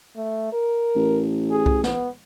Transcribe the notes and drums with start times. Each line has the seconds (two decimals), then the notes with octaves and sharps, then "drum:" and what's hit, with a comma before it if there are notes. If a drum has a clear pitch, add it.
0.16 A3
0.53 A#4
0.96 A1
1.51 G#4
1.66 drum: kick C2
1.84 B3, drum: snare